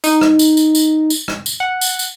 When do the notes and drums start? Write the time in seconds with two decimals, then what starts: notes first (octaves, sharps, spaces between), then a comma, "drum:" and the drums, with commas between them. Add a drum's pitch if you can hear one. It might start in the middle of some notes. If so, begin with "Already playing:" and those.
0.04 D#4, drum: tambourine
0.21 drum: rim click
0.39 drum: tambourine
0.57 drum: tambourine
0.75 drum: tambourine
1.10 drum: tambourine
1.28 drum: rim click
1.46 drum: tambourine
1.60 F#5
1.81 drum: tambourine
1.99 drum: tambourine